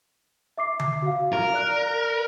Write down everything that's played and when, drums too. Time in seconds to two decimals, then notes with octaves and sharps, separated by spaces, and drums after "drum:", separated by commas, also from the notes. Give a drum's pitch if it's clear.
0.58 E5 D6 C7
0.79 drum: tom D3
1.02 F#4 F5
1.33 A#4 F5
1.54 D5 F#6